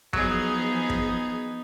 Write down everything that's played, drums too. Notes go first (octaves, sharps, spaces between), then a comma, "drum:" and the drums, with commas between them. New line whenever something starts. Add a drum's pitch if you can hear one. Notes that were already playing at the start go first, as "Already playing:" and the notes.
F3 F#3 B3 D#4 G#4, drum: kick
drum: kick